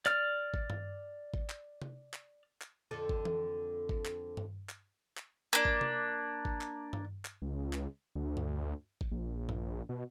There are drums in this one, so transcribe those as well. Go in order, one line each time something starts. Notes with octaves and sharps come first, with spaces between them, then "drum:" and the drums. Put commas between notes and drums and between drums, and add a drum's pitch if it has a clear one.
D5 F6, drum: clap
drum: kick G#1
drum: tom G2
drum: kick G#1
drum: clap
drum: tom C3
drum: clap
drum: clap
F2 D3 A4
drum: kick G#1
drum: tom E3
drum: kick G#1
drum: clap
drum: tom G2
drum: clap
drum: clap
A#3 D4
drum: kick G#1
drum: tom C3
drum: kick G#1
drum: clap
drum: tom G2
drum: clap
C#2
drum: clap
D2
drum: tom G2
drum: kick G#1
A#1
drum: tom G2
B2